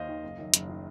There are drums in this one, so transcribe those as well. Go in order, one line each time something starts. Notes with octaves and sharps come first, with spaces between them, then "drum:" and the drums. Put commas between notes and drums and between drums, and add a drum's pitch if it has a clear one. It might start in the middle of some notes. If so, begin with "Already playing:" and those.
Already playing: D#2 C5 D#5 F5
D#3
F#1
F#2 D#3
F#1, drum: hi-hat
D#3